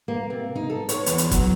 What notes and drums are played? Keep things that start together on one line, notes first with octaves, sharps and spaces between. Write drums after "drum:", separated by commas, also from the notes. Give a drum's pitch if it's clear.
A#3
C3
D#4
A4
C#5, drum: hi-hat
E2, drum: hi-hat
drum: hi-hat
F#3, drum: kick F#1, hi-hat